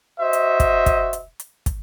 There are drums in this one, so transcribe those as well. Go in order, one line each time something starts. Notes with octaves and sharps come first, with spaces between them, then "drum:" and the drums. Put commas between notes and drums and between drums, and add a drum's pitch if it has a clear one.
F#4 C5 D#5 E5
drum: hi-hat
drum: kick, hi-hat
drum: kick, hi-hat
drum: hi-hat
drum: hi-hat
drum: kick, hi-hat